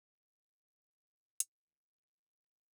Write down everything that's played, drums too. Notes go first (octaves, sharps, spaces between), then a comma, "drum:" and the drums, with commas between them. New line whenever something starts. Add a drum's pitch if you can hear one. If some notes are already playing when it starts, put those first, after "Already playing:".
G#2 F4
G#2
G#2
E3 E4
G#2
E4
A3, drum: hi-hat
F#3 D#4
F2
E4
F#3 F4
E4
C#3 F4